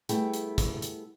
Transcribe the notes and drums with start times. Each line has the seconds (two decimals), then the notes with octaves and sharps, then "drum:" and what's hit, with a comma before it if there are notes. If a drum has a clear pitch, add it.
0.09 G3 A3 B3 E4 G#4 G5, drum: hi-hat
0.34 drum: hi-hat
0.58 drum: kick, hi-hat
0.82 drum: hi-hat